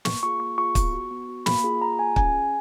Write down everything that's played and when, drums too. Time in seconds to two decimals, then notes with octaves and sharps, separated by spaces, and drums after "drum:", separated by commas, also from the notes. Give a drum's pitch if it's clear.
0.05 A#3 C#6, drum: snare
0.23 F4 G#4 C#6
0.40 A#3 C#6
0.58 F4 G#4 C#6
0.75 B3, drum: kick, hi-hat
0.93 F#4
1.11 B3
1.29 F#4
1.46 A#3 B5, drum: snare
1.64 F4 G#4
1.81 A#3 A#5
1.99 F4 G#4 G#5
2.16 C#4 G#5, drum: kick
2.34 G#4